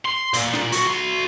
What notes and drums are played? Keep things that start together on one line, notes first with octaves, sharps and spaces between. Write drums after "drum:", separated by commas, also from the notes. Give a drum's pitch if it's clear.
C6
A#2, drum: hi-hat
drum: snare
B1 F#4, drum: hi-hat
F#4 C6